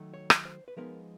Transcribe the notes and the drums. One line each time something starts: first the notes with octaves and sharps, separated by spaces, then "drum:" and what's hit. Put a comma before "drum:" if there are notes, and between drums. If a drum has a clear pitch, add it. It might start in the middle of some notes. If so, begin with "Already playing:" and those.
Already playing: D#3 F#3 A3
C#5
drum: rim click
C5
B4
F3 G#3 B3 D#4 A#4